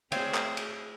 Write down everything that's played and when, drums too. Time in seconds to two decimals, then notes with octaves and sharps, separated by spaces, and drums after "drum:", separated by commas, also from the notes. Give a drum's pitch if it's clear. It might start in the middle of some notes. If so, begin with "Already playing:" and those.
0.12 A3 C4 E4 G#4 C#5 D5 F5, drum: cymbal
0.34 drum: clap
0.57 drum: cymbal